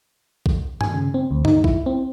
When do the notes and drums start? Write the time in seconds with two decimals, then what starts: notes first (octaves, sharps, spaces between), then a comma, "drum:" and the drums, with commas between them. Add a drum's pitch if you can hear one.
0.46 drum: kick A#1
0.81 G#5, drum: tom G2
0.94 C#3
1.14 C4
1.31 D2
1.45 D#4, drum: tom G2
1.64 E4, drum: kick A#1
1.86 C4